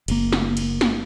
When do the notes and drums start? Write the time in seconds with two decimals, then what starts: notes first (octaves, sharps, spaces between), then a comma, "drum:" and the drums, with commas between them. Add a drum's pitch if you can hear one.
0.08 F#1 A#3, drum: cymbal
0.32 drum: snare
0.57 drum: cymbal
0.81 drum: snare